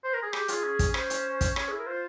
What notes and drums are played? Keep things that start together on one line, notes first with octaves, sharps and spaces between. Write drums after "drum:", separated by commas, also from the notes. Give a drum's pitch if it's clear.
C5
A#4
G#4
G4 G#4, drum: rim click
F4 G#4, drum: hi-hat
C#4
drum: kick, hi-hat
C5, drum: rim click
drum: hi-hat
drum: kick, hi-hat
C#4 C#5, drum: rim click
E4 G#4
A#4
F4 C5